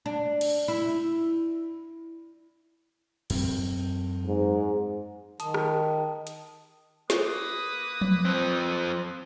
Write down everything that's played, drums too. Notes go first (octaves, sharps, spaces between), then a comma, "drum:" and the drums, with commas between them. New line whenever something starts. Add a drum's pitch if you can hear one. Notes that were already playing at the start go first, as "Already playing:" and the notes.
D4
drum: cymbal
E4
F#2 C4, drum: cymbal
G#2
D#3 A5 D#6, drum: hi-hat
drum: rim click
drum: hi-hat
A#3 B4 D#6, drum: snare
drum: tom F3
F3 C4